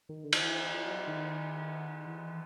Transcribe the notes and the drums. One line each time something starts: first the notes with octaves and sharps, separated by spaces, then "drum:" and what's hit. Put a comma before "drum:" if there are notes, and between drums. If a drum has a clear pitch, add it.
D#3
D3
D#3, drum: cymbal
E3
F3
F#3
D#3
E3